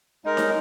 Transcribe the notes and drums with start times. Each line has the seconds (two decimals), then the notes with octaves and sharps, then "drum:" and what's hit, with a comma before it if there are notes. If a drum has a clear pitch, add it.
0.25 G#3 D#4 A#4 D#5
0.37 C#5, drum: snare D#4